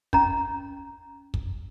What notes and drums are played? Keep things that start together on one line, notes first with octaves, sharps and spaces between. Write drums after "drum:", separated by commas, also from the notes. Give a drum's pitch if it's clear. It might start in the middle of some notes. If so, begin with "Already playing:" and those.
C#4 A#5, drum: kick
drum: kick